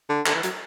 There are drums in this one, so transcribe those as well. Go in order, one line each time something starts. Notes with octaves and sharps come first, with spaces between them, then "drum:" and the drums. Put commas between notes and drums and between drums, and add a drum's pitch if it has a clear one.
D3
D3, drum: clap
E3
F#3, drum: hi-hat